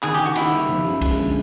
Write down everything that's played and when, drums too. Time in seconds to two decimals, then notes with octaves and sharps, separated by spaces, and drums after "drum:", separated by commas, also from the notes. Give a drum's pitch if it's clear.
0.03 D#3 G#4, drum: clap
0.14 G4
0.19 D#3
0.25 F#4
0.36 D#3 E4, drum: cymbal
0.52 G3
0.69 F3
0.85 F#2
1.01 G#3, drum: kick C2, cymbal
1.18 D3